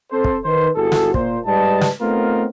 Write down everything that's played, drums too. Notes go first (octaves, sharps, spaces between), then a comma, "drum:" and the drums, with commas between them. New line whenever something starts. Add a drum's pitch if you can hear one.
C4 A4 C5
drum: kick
D#3 D#4 B4 C5
G1 E4 F#4 G#4 A4
drum: snare
A#2 C5, drum: kick
G#2 G3 B4 D#5 A5
drum: snare
A3 B3 C4 D#4 F4 A#4